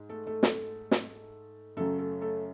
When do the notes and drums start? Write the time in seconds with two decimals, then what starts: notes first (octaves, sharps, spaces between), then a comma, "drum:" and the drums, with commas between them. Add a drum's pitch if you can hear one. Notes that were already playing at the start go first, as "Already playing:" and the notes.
Already playing: G#2
0.09 A3 A4
0.27 A3 A4
0.43 drum: snare
0.91 drum: snare
1.77 F#2 C#3 F#3 A3 A4
1.99 A3 A4
2.21 A3 A4